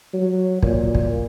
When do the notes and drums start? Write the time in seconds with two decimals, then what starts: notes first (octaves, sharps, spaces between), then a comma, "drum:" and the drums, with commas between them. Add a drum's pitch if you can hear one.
0.14 F#3
0.63 A#2, drum: kick
0.95 drum: kick